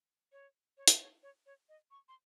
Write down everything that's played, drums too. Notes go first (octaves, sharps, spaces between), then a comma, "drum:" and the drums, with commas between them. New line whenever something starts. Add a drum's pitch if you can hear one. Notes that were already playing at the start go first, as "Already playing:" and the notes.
C#5
C#5
drum: hi-hat
C#5
C#5
C#5
D#5
C#6
C6